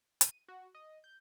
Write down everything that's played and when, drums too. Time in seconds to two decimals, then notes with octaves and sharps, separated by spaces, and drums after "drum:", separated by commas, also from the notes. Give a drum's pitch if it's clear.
0.21 D#7, drum: hi-hat
0.48 F#4
0.75 D#5
1.04 G6